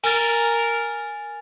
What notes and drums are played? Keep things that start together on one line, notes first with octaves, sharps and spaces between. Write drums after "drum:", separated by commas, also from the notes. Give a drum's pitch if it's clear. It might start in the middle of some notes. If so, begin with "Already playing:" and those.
A#4 G#5 A6, drum: cymbal